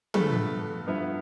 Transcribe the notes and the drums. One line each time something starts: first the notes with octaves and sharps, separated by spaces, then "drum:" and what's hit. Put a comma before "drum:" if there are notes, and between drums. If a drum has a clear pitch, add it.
G2 F3 A3 B3 E4 A4 B4, drum: tom
G2 F3 B3 E4 B4